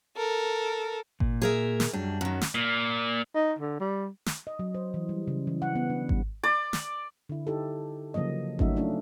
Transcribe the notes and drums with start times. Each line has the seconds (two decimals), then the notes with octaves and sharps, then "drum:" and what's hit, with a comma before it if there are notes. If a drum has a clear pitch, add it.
0.17 A4 A#4
1.20 A#2, drum: kick G#1
1.42 G#4 A#4 E5
1.80 drum: snare
1.93 F#2 F#3 G3 D4
2.21 F#2 D#3 C#4 F#4
2.41 drum: snare
2.55 A#2
3.35 D#4
3.59 D3
3.80 G3
4.26 drum: snare
4.47 D#5
4.59 F#3
4.75 C5
4.94 E3
5.09 G3
5.28 C#3
5.47 E3
5.62 F#5
5.75 B3
5.90 D4
6.09 G3, drum: kick G#1
6.44 D5
6.73 drum: snare
7.29 D3 E4
7.47 D#4 E4 G4 A4
8.14 C#3 F3 F#3 A#3 D#5
8.59 F#3 A3 C#4 D#4 F#4 E5, drum: kick G#1
8.76 F#3 A3 C#4 D4 F4